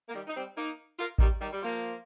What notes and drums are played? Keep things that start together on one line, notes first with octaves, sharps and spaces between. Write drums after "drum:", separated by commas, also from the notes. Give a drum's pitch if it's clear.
A#3
D#3 G3
D#4
G3 C4
A#3 D#4
F4 A#4
D#3 G3, drum: kick A1
D#3 G3
G3
F3 A#3